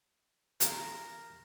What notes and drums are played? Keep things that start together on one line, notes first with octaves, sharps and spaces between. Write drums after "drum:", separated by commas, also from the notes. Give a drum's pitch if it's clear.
A#4, drum: hi-hat